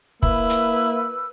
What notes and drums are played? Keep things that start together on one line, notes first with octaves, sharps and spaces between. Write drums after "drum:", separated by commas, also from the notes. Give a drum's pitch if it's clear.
A#3 E4 B4 E6, drum: kick
drum: hi-hat